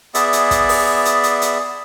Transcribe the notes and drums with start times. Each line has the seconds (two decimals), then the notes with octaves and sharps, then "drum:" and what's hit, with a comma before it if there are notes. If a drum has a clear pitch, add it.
0.15 B3 G#4 D5 E5, drum: hi-hat
0.33 drum: hi-hat
0.51 drum: kick, hi-hat
0.69 drum: open hi-hat
1.05 drum: hi-hat
1.23 drum: hi-hat
1.42 drum: hi-hat